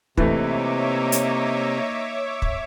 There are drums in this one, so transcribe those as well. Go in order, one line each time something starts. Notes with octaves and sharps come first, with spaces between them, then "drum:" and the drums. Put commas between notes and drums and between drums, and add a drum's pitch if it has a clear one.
C3 E3 A3 A#3 D#4 C#5 E5 D6, drum: kick
drum: hi-hat
drum: kick